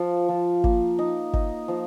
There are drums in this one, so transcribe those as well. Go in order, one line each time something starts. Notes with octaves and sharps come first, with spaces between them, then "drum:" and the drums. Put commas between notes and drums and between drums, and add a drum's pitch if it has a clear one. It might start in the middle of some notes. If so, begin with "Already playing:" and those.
Already playing: F3
F3
A#3, drum: kick G1
D#4
D#4, drum: kick G1
F3